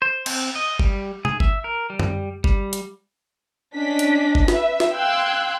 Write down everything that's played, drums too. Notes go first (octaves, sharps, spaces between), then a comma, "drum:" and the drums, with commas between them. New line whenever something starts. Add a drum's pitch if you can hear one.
C5
C4, drum: cymbal
D#5
G3, drum: kick G1
G#4, drum: tom B2
E5, drum: kick G1
A#4
G3
drum: tom
G3, drum: kick G1
drum: hi-hat
C#4 D4 D#5 B6
drum: hi-hat
drum: kick G1
B4 E5, drum: snare
drum: snare
F5 G5 C6 E6 F#6 G#6